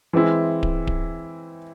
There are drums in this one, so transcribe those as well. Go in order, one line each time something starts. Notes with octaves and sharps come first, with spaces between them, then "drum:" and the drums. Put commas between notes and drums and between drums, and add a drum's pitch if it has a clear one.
E3 G#3 C4 E4
drum: kick D1
drum: kick D1